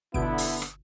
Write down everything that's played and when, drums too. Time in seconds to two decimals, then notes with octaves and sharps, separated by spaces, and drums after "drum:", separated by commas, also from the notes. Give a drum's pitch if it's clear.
0.14 G1 B2 D3 B3 E4 D7, drum: kick
0.38 drum: open hi-hat
0.62 drum: rim click